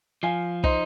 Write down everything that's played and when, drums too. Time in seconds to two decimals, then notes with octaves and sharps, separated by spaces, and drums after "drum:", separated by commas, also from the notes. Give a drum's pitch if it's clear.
0.23 F3 F5 G#5
0.63 D#4 C5 D#5, drum: kick